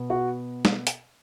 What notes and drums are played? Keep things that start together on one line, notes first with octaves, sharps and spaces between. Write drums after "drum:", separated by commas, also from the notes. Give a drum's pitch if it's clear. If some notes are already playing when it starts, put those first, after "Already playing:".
Already playing: B2 B3
F#4 F#5
drum: snare
drum: hi-hat